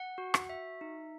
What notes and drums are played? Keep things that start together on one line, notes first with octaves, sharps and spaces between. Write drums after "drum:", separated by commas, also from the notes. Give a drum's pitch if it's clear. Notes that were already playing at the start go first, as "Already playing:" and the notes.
Already playing: F#5
F#4
drum: rim click
E5
D#4